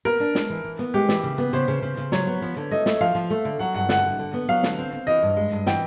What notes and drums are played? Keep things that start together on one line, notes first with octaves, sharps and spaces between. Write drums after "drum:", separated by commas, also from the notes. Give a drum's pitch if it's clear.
B3 A#4
D4
G#3, drum: snare
E3
E3
B3
G#3 G4
E3, drum: snare
C#3
B3
C#3 C5
C#3
C#3
C#3
F#3 C#5, drum: snare
B3
F3
D3
A3 D#5
A3, drum: snare
F3 F5
F3
A3
D3
F#3 F#5
G2 F#5
D3 F#5, drum: snare
D3
D3
B3
F#3 F5
D3, drum: snare
C4
C4
E3 D#5
G2
G#3
G2
E3 G5, drum: snare